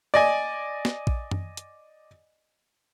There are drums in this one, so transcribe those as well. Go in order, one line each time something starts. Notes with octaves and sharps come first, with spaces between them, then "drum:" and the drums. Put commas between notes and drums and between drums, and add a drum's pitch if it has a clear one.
D5 D#5 G#5
drum: snare
drum: kick A#1
drum: tom F#2
drum: hi-hat